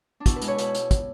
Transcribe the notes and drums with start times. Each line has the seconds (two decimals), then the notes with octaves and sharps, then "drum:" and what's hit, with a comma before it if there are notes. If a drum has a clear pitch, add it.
0.20 D4
0.26 B2 E4, drum: kick, hi-hat
0.36 B4
0.42 G#3, drum: hi-hat
0.48 C#5
0.58 B2 B4, drum: hi-hat
0.75 drum: hi-hat
0.91 drum: kick, hi-hat